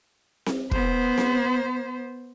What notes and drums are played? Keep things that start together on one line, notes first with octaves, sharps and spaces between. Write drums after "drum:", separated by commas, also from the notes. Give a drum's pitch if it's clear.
drum: snare C4
B3 C5, drum: kick
drum: snare C4